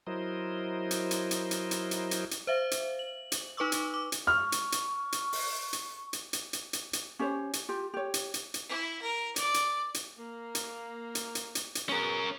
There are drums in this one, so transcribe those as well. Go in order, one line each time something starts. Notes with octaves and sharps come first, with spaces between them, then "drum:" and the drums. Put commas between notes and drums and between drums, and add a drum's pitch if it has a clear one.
F#3 E4 A#4 C5 D#5
drum: hi-hat
drum: hi-hat
drum: hi-hat
drum: hi-hat
drum: hi-hat
drum: hi-hat
drum: hi-hat
drum: hi-hat
C5 E5 F5
drum: hi-hat
F#7
drum: hi-hat
D#4 B4 C#6 D6 E6
drum: hi-hat
D6
drum: hi-hat
C#6 F6
drum: hi-hat
drum: hi-hat
drum: hi-hat
drum: open hi-hat
drum: hi-hat
drum: hi-hat
drum: hi-hat
drum: hi-hat
drum: hi-hat
drum: hi-hat
C#4 G4 C5 C#5
drum: hi-hat
F4 G4
G4 C#5
drum: hi-hat
drum: hi-hat
drum: hi-hat
E4
A#4
D5, drum: hi-hat
drum: hi-hat
drum: hi-hat
A#3
drum: hi-hat
drum: hi-hat
drum: hi-hat
drum: hi-hat
drum: hi-hat
B2 B3 C#4 G#4 A#4